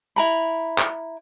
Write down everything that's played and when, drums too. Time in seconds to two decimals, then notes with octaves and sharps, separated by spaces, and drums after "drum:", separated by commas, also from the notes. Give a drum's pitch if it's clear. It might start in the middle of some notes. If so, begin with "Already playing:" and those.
0.16 E4 A#5 B5
0.78 drum: clap